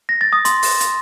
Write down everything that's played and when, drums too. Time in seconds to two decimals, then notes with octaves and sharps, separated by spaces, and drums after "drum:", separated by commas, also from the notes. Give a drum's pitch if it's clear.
0.09 A#6
0.21 A6
0.33 D#6
0.45 C6, drum: hi-hat
0.63 drum: open hi-hat
0.80 drum: hi-hat